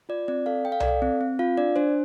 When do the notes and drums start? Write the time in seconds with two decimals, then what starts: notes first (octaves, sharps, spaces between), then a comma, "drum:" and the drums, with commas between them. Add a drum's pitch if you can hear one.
0.09 F4 D5
0.28 C4 D5
0.46 A4 F5
0.65 A4 G5
0.72 F5
0.80 D5, drum: tom C2
0.83 A4
0.88 F5
1.02 C4
1.21 C4
1.39 F4 F5
1.57 D4 D5
1.76 D4 C5